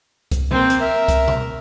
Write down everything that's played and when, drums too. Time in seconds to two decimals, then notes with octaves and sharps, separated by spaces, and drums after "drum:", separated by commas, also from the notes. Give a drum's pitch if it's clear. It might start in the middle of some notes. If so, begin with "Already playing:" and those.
0.31 drum: kick C2, hi-hat
0.51 A#3 C4, drum: tom
0.70 drum: hi-hat
0.81 A#4 E5
1.08 drum: kick C2, hi-hat
1.28 drum: tom B2